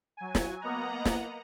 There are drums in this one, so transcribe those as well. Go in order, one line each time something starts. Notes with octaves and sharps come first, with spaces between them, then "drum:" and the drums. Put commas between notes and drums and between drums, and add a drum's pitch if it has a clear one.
F#3 G#5
drum: snare
A#3 B3 D#5 F#5 A#5
drum: snare